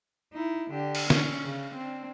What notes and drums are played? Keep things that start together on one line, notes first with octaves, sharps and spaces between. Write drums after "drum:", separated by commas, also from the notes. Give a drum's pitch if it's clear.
D#4 E4
D3 G4
drum: cymbal
C#4, drum: snare
C#3
C4 D4